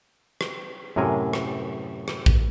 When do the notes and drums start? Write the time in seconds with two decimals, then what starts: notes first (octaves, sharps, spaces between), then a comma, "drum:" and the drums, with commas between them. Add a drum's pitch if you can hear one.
0.41 drum: rim click
0.96 F#2 A2 C3 A#4 G#5
1.33 drum: rim click
2.08 drum: rim click
2.26 drum: kick A1